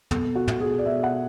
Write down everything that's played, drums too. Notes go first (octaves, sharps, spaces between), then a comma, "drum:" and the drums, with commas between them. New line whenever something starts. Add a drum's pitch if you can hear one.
B2 A4, drum: tom
F#4
B2, drum: tom
G#4
D5
B2 E5
F#5